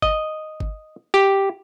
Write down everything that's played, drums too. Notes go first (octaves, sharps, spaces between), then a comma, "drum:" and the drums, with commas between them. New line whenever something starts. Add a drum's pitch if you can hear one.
D#5, drum: kick G1
drum: kick G1
G4